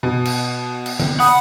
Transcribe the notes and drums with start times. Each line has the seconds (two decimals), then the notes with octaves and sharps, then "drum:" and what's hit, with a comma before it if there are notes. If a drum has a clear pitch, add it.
0.03 B2
0.25 drum: cymbal
0.86 drum: cymbal
1.00 drum: tom D3
1.20 F#5 B5 D#6, drum: open hi-hat